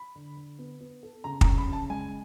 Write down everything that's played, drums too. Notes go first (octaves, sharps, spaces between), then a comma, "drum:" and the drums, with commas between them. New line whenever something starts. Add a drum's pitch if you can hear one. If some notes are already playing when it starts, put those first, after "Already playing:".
Already playing: B5
D3
D3
B3
B3
A4
C#3 A#5
A#5, drum: kick
C#4
B5
C#3 A5
G#3 G#5